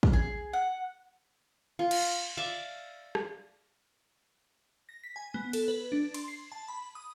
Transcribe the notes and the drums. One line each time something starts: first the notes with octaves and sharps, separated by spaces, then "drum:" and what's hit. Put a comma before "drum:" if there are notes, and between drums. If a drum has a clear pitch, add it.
drum: kick
G#4
F#5
F4
drum: cymbal
D5 E5 F5
drum: rim click
A#6
B6
G#5
B3
A4, drum: cymbal
B4
D4
C6, drum: cymbal
C7
A5
B5
D#6